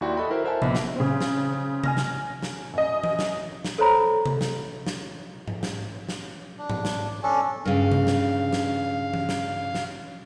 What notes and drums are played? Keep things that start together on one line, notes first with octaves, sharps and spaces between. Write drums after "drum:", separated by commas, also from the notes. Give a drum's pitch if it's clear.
D#2 E4 F#4 D5 G5 C6
F#4 A4 D#5 E5 B5
E4 A#4 C5 E5
A#4 C5 E5 F#5 G#5 A5
A#1 B3 D#5 E5 B5, drum: tom C3
drum: snare
C#3 C4
drum: snare
G#5 F6 A#6, drum: tom C3
drum: snare
drum: snare
F#2 D#5
drum: tom E3
drum: snare
drum: snare
A4 C5 C#5 A#5 B5
drum: tom C3
drum: snare
drum: snare
drum: tom G#2
drum: snare
drum: snare
D4
drum: tom G#2
drum: snare
C#4 D4 A4
G2 C#3 F5
drum: tom C3
drum: snare
drum: snare
drum: tom E3
drum: snare
drum: snare